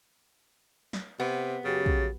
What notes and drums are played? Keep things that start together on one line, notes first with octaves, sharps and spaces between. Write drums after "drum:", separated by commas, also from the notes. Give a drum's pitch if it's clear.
drum: snare
C3 B3
F#2 C#3 F#4 G4 A6
drum: kick